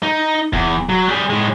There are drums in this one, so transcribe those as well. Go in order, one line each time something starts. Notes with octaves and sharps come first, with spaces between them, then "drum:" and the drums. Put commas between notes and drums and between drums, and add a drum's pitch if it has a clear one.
D#4
E2, drum: kick D1
F#3
G3 G#4
A2 G#3